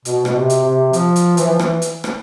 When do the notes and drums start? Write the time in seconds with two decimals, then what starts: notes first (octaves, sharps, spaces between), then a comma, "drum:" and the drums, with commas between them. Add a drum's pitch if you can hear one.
0.05 B2, drum: hi-hat
0.25 B2, drum: rim click
0.35 C3
0.50 drum: hi-hat
0.65 C3
0.93 F3, drum: hi-hat
1.16 drum: hi-hat
1.37 E3, drum: hi-hat
1.49 F3
1.59 E3, drum: rim click
1.82 drum: hi-hat
2.04 drum: rim click